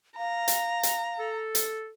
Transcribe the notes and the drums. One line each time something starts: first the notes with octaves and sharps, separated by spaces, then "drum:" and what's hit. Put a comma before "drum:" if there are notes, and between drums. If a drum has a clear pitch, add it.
F5 A#5
drum: hi-hat
drum: hi-hat
A4
drum: hi-hat